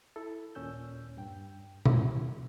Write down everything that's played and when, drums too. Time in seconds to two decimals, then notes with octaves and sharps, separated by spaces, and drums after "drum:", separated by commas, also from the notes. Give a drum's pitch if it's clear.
0.16 E4 A4
0.55 D#2 A#2 C#4 E6 G6
1.17 G2 G5
1.85 C3 E3, drum: tom B2